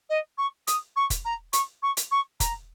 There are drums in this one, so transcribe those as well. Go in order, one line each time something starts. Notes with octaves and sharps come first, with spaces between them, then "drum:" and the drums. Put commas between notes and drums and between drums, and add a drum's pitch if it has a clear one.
D#5
C#6
D#6, drum: hi-hat
C#6
drum: kick F1, hi-hat
A#5
C#6, drum: hi-hat
C#6
drum: hi-hat
C#6
A#5, drum: kick F1, hi-hat